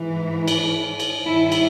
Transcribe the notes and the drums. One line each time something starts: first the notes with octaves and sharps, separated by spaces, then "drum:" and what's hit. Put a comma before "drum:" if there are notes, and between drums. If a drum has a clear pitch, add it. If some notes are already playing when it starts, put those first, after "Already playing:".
Already playing: G#2 E3
drum: cymbal
drum: cymbal
G2 D#3 E4
drum: cymbal